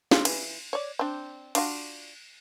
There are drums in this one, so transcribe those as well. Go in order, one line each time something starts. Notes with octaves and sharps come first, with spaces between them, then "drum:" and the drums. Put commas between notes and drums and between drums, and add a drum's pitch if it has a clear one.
F4, drum: snare
E3, drum: cymbal
C#5 D5
C4 D4
D4 F4 F#4, drum: cymbal